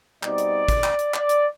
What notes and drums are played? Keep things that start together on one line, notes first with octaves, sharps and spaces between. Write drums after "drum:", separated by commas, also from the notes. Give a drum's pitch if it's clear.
B2 G3 C4 D#4 D5, drum: clap
drum: hi-hat
drum: kick, hi-hat
drum: clap
drum: hi-hat
D5, drum: clap
drum: hi-hat